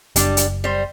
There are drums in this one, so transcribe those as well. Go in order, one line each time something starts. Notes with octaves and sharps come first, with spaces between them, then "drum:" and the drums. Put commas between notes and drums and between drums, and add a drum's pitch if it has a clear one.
F#1 G3 D4, drum: hi-hat
drum: hi-hat
G3 C5